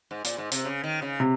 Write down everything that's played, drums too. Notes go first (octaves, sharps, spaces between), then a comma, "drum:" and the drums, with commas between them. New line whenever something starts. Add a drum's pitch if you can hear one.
G#2
A#2, drum: hi-hat
G#2
C3, drum: hi-hat
C#3
D#3
C#3
C3